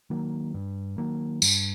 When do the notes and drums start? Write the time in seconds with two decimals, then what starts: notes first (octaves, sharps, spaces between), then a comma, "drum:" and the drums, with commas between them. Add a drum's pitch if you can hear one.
0.10 D#3 F#3 A#3
0.54 G2
0.98 D#3 F#3 A#3
1.42 G2, drum: tambourine